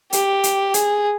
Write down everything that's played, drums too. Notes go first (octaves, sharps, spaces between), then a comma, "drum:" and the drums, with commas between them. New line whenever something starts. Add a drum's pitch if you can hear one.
G4, drum: hi-hat
drum: hi-hat
G#4, drum: hi-hat